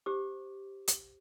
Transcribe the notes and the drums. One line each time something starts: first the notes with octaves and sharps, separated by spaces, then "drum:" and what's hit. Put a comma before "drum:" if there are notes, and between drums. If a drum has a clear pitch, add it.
G4 C5 D6
drum: hi-hat